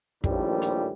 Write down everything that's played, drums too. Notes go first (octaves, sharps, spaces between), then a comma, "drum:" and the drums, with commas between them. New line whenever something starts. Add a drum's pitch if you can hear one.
A#1 D#2 A2 E3 F3 G3, drum: kick
drum: hi-hat